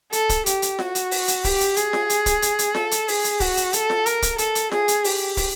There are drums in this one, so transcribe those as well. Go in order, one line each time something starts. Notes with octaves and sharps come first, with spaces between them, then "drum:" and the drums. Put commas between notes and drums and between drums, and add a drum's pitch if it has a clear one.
A4, drum: hi-hat
drum: kick, hi-hat
G4, drum: hi-hat
drum: hi-hat
F#4, drum: snare F4
drum: hi-hat
drum: open hi-hat
drum: hi-hat
G4, drum: kick, open hi-hat
drum: hi-hat
G#4, drum: hi-hat
drum: snare F4
drum: hi-hat
drum: kick, hi-hat
drum: hi-hat
drum: hi-hat
A4, drum: snare F4
drum: hi-hat
G#4, drum: open hi-hat
drum: hi-hat
F#4, drum: kick, open hi-hat
drum: hi-hat
A4, drum: hi-hat
drum: snare F4
A#4, drum: hi-hat
drum: kick, hi-hat
A4, drum: hi-hat
drum: hi-hat
G#4, drum: snare F4
drum: hi-hat
G4, drum: open hi-hat
drum: kick, open hi-hat